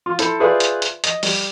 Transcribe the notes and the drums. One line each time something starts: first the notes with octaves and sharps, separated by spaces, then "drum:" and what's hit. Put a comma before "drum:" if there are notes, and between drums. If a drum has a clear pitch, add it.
F4
E4 A4 C5 B5, drum: hi-hat
F4 G#4 B4 C5 D5 E5
drum: hi-hat
drum: hi-hat
D#5, drum: hi-hat
G3, drum: open hi-hat